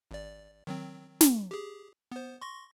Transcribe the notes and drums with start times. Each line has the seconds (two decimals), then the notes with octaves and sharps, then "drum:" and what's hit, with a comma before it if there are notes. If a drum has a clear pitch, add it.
0.11 G#1 D5
0.67 D#3 F#3 C4
1.21 drum: snare
1.51 G4 G#4
2.12 B3 C5
2.41 C6 C#6 A#6